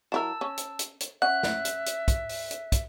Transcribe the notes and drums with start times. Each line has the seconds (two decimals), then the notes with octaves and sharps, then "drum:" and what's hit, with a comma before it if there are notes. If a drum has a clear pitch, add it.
0.12 F#3 E4 A#4 A5 E6
0.41 C#4
0.58 drum: hi-hat
0.79 drum: hi-hat
1.00 drum: hi-hat
1.22 C#4 E5 F#5 F#6
1.43 drum: snare
1.65 drum: hi-hat
1.86 drum: hi-hat
2.08 drum: kick, hi-hat
2.29 drum: open hi-hat
2.51 drum: hi-hat
2.72 drum: kick, hi-hat